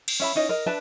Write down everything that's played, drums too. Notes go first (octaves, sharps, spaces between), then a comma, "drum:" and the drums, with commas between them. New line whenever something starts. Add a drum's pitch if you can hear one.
drum: cymbal
C#4 E5 B5
C#4 D#4 D#5
A#4 D#5
D4 B4 E5 A5